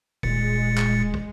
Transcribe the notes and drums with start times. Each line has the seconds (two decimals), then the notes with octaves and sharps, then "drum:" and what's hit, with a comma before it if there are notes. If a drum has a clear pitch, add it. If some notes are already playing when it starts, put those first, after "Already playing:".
0.23 D#1 A#2 G#3 A6 C#7, drum: kick
0.78 drum: clap
1.14 drum: kick